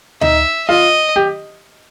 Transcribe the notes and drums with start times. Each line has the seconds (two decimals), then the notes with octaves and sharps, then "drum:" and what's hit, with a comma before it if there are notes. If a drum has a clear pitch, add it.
0.21 D#4 E5, drum: tom D2
0.68 F4 D#5
1.16 G4